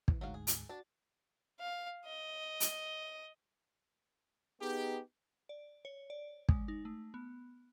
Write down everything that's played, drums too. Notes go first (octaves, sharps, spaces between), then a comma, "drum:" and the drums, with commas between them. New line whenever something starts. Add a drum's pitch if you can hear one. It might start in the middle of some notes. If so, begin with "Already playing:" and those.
E3, drum: kick
D2 G#2 F#3 F#4 F5
G#4
drum: hi-hat
D4 F#4 A6
F5
D#5
drum: hi-hat
B3 D#4 G4 G#4
D5
C#5
D5
G#3, drum: kick
D#4
A3
B3